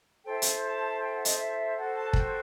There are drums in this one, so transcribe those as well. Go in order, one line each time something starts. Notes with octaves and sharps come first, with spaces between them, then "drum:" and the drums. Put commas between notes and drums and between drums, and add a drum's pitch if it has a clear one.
E4 A4 C5 G5
drum: hi-hat
A5
G5
F#5
D#5, drum: hi-hat
E5
F#4 A4 C5 F#5
A5
A5
G5, drum: kick